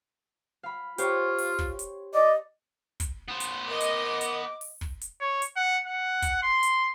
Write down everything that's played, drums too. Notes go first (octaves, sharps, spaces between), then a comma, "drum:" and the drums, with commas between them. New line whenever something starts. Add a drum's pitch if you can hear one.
F5 B5
F4 G4 C5 C#5, drum: hi-hat
drum: open hi-hat
drum: kick
drum: hi-hat
D5 D#5
drum: kick, hi-hat
B3 C5
drum: hi-hat
A#4 D#5 D6
drum: hi-hat
drum: hi-hat
drum: open hi-hat
drum: kick
drum: hi-hat
C#5
drum: hi-hat
F#5
F#5
drum: kick, hi-hat
C6
drum: hi-hat